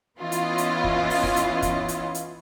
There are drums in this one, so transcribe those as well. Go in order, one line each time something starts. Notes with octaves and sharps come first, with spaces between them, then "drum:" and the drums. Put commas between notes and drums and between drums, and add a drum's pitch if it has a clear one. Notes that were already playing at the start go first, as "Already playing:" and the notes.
E3 B3 C#4 E4 F4 D#5
drum: hi-hat
drum: hi-hat
drum: kick
drum: open hi-hat
drum: kick
drum: hi-hat
drum: kick, hi-hat
drum: hi-hat
drum: hi-hat